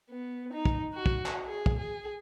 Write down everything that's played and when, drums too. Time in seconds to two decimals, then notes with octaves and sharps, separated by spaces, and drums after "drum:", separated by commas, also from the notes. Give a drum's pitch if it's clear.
0.10 B3
0.53 D#4
0.65 drum: kick
0.94 F#4
1.06 drum: kick
1.26 drum: clap
1.46 G#4
1.66 drum: kick
1.79 G#4